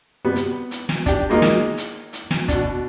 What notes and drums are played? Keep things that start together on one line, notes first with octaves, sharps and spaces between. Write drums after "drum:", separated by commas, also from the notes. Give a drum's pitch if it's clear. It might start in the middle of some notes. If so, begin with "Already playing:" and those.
C3 G3 B3
drum: hi-hat
drum: hi-hat
drum: snare
D4 G4, drum: kick, hi-hat
G#3 A#3 D#4 F4 A#4
drum: snare
drum: hi-hat
drum: hi-hat
drum: snare
B2 D4, drum: kick, hi-hat